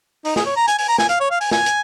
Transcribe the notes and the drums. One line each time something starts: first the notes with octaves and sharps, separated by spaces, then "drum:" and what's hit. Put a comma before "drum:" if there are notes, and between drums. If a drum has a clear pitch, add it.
D#4, drum: open hi-hat
G#4, drum: snare
C#5
A#5
G#5, drum: hi-hat
G#5, drum: open hi-hat
A#5
G#5, drum: snare
F5, drum: hi-hat
C#5
F5
G#5, drum: open hi-hat
G#5, drum: snare
drum: hi-hat